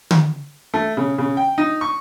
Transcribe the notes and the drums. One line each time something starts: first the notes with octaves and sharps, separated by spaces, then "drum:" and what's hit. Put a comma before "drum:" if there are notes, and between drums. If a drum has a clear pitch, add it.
drum: tom D3
A3
C#3
C#3
G5
D#4
C#6